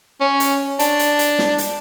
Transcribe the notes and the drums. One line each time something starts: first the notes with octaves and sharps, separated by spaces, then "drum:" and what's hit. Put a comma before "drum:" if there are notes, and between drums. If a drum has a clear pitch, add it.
C#4
drum: hi-hat
D4, drum: hi-hat
drum: hi-hat
drum: hi-hat
drum: snare
drum: hi-hat